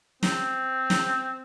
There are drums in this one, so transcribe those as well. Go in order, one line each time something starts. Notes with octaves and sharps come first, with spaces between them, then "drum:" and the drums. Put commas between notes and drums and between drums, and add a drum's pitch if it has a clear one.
C4, drum: snare
drum: snare